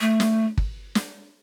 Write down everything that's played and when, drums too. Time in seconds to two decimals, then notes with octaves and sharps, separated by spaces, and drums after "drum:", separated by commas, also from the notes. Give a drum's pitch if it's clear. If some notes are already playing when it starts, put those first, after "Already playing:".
0.01 A3
0.20 drum: snare
0.58 drum: kick
0.95 drum: snare